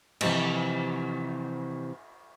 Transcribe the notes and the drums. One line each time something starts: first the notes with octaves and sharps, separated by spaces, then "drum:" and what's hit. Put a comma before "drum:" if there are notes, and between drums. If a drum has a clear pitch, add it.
C3 E3 F3 G4 C5 D#5, drum: cymbal